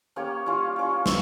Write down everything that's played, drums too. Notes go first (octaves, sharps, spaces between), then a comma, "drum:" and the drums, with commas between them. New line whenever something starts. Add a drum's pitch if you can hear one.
A#3 C#4 G4 C#5
G3 C#4 F4
G3 C#4 F4
C4, drum: snare